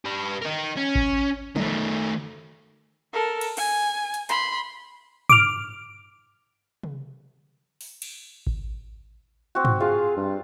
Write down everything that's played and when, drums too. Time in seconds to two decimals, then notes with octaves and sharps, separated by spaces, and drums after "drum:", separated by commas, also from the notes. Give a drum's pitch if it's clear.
0.05 G4 B4
0.41 D#4 A#4
0.77 C#4
0.95 drum: kick G#1
1.56 D#3 A3, drum: tom
3.13 A4 A#4
3.41 drum: cymbal
3.57 G#5, drum: cymbal
4.14 drum: hi-hat
4.29 B5 C6, drum: hi-hat
5.29 D6 F6, drum: tom
6.83 drum: tom C3
7.81 drum: open hi-hat
8.02 drum: cymbal
8.47 drum: kick G#1
9.55 C4 F#4
9.65 drum: tom
9.80 F4 G#4 F5
10.17 G2